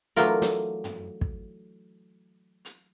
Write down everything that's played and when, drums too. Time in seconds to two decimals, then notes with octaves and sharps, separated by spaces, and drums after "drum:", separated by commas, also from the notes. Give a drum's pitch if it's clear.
0.16 E3 F#3 A3 D4 F4 A#4, drum: hi-hat
0.42 drum: snare
0.84 drum: tom
1.21 drum: kick
2.65 drum: hi-hat